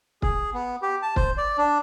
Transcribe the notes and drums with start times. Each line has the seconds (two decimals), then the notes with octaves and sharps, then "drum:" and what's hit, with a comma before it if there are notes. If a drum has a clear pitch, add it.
0.22 G#4, drum: kick
0.54 B3
0.82 G4
1.02 A5
1.16 C5, drum: kick
1.37 D5
1.58 D4